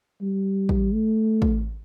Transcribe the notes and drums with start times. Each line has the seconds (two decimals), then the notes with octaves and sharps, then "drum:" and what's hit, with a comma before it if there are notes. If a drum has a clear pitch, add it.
0.21 G3
0.69 drum: kick
0.94 A3
1.42 drum: kick